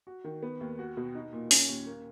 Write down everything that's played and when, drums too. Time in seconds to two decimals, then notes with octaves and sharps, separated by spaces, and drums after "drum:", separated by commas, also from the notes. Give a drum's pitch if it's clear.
0.07 F#4
0.24 D#3
0.43 B3
0.61 D#2
0.79 F#4
0.97 B2
1.15 D#4
1.33 A#2
1.51 C#4, drum: open hi-hat
1.69 D#2
1.87 A#3